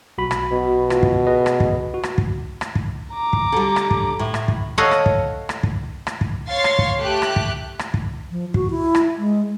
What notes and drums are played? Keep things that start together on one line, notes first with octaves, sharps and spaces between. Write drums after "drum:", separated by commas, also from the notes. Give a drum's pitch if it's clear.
B1 F#4 B5
drum: rim click
B2
F4 F#4, drum: rim click
drum: kick
G#4 B4 D#5
drum: rim click
drum: kick
F#4
drum: rim click
drum: kick
drum: rim click
drum: kick
A#5 D6
drum: kick
D3 G3
drum: rim click
drum: kick
A2
drum: rim click
drum: kick
A4 C#5 D#5 F5 F#5
drum: rim click
drum: kick
drum: rim click
drum: kick
drum: rim click
drum: kick
C#5 F5 C6 A6 C7
drum: rim click
drum: kick
A3 G4 F#6
drum: rim click
drum: kick
drum: rim click
drum: kick
F3
F#4, drum: kick
E4
drum: rim click
G#3